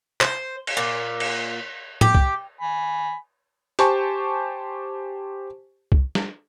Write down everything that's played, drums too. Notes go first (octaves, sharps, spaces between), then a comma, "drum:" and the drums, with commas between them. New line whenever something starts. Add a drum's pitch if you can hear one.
C5, drum: clap
drum: cymbal
A#2
drum: cymbal
G4, drum: tom
drum: kick C2
G#5 B5
G4 C5 G#5 A5 C#6, drum: hi-hat
drum: kick C2
drum: snare